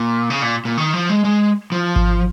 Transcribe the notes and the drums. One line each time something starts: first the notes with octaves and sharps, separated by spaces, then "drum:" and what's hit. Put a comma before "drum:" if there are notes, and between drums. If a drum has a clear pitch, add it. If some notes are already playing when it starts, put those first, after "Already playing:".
Already playing: A#2
C#3
A#2
A#2
D#3
F3
G#3
G#3
F3
drum: kick G#1